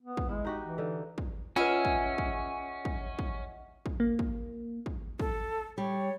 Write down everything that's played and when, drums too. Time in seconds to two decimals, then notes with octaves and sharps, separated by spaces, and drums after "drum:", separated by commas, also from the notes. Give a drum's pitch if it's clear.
0.01 B3
0.17 drum: kick
0.29 G#3 E4
0.45 D#4 F#4 G4
0.61 E3
0.78 D3 D#4
1.18 drum: kick
1.56 C#4 F4 G#4 B4 D#5 E5 F#5 G#5
1.85 drum: kick
2.18 drum: kick
2.85 drum: kick
3.19 drum: kick
3.86 drum: kick
4.00 A#3
4.19 drum: kick
4.86 drum: kick
5.20 A4, drum: kick
5.78 G3 C#5